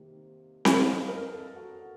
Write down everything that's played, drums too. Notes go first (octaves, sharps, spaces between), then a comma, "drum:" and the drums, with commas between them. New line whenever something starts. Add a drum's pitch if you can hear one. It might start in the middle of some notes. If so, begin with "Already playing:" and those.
Already playing: C3 D#3 A#3
drum: snare C4
F5
D#5
A#4
A4
F#4